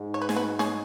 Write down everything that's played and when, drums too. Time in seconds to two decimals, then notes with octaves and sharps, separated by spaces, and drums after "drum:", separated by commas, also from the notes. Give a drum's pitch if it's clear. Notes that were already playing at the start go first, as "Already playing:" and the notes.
Already playing: G#2
0.14 C#5
0.22 B4
0.29 G#4, drum: snare
0.36 F#4 B4
0.59 G#4 C#5, drum: snare